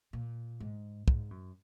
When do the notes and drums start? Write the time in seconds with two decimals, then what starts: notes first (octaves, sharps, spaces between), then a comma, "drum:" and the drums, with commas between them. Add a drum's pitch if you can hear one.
0.13 A#2
0.60 G#2
1.08 G#2, drum: kick
1.31 F#2